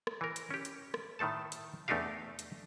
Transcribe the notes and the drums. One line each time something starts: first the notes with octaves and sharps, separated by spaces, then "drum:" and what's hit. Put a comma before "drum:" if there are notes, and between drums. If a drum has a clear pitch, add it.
drum: rim click
E3 A#4
drum: hi-hat
C#4 G4
drum: hi-hat
drum: rim click
A2 D#3 A3 A4 A5
drum: hi-hat
E2 A3 D4 D#4 G4 F5
drum: hi-hat